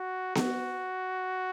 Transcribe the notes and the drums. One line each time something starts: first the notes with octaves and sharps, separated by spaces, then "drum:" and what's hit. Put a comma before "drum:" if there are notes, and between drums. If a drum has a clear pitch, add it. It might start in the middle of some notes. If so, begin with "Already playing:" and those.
Already playing: F#4
F#4, drum: snare B3